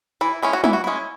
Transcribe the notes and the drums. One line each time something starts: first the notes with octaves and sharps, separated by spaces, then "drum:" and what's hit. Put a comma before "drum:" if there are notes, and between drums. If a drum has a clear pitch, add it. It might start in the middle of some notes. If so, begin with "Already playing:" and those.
E3 E4
G#3 C#4 E4
F#4
E3 E4, drum: tom
F#4
G#3 C#4 E4